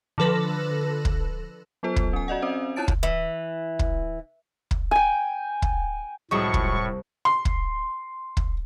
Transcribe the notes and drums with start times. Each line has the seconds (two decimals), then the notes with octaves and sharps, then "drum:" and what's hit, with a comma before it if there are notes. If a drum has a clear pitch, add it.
0.18 D3 F3 A4 B4 A#6
1.05 drum: kick
1.83 F#3 B3 F4 A4 C5
1.96 drum: kick
2.13 C#4 G#5
2.28 F#4 D5 D#5 F#5
2.42 C4 C#4 C5 D#5
2.76 E4 F4 C#5 A5 A6 D7
2.88 drum: kick
3.03 E3
3.79 drum: kick
4.71 drum: kick
4.91 G5 G#5
5.62 drum: kick
6.31 C2 A2 F3 F#3 G#3 A5 B5 C#6
6.54 drum: kick
7.25 C6
7.45 drum: kick
8.37 drum: kick